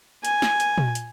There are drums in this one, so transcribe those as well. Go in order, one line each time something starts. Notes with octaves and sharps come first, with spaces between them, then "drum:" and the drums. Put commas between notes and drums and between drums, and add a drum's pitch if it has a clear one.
G#5, drum: hi-hat
drum: snare
drum: hi-hat
drum: tom A#2
drum: hi-hat